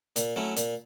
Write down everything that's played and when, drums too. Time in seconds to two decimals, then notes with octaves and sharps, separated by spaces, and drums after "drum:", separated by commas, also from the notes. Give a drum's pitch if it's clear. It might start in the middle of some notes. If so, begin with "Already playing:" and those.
0.16 A#2, drum: hi-hat
0.36 F#3 A3 C#4 E4
0.56 A#2, drum: hi-hat